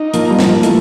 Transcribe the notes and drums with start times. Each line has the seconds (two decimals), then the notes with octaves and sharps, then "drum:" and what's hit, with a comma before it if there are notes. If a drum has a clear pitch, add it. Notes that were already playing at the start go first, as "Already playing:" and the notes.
Already playing: D#4
0.14 F3 A#3, drum: hi-hat
0.30 G3
0.39 A#3, drum: snare
0.47 F3
0.63 E3 A3, drum: hi-hat